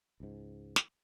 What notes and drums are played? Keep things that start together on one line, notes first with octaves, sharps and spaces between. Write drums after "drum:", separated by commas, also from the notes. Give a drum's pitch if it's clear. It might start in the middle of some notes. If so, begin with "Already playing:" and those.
C#2 G#2
drum: snare